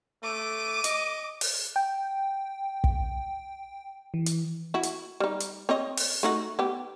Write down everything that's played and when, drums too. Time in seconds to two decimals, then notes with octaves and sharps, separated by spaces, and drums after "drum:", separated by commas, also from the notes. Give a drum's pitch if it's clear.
0.23 A3 D6 D#7
0.84 D#5, drum: hi-hat
1.41 drum: open hi-hat
1.76 G5
2.84 drum: kick
4.14 E3
4.26 drum: hi-hat
4.74 E4 F#4
4.83 drum: hi-hat
5.20 G3 D#4
5.40 drum: hi-hat
5.69 C4 C#5 D#5
5.97 drum: open hi-hat
6.23 A3 D#4 F#4
6.59 B3 G4